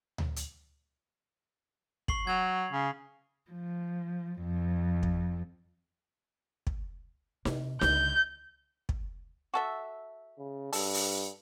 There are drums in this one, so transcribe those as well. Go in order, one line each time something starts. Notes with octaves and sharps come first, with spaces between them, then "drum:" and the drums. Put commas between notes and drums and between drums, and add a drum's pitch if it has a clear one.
drum: tom D2
drum: hi-hat
C#6 C7 F#7, drum: kick
F#3 G#6 F7
C#3
F3
F2
drum: kick
drum: kick
C3, drum: snare D#4
C#2 D3 G6, drum: snare D#4
drum: kick
F#4 A4 E5
C#3
G2 A4, drum: open hi-hat
drum: open hi-hat